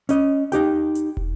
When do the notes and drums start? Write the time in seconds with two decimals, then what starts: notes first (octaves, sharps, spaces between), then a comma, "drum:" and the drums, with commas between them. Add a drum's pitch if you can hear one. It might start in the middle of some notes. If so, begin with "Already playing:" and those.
0.09 C#4 D#5, drum: hi-hat
0.52 D#4 G4 G5, drum: hi-hat
0.95 drum: hi-hat
1.17 drum: kick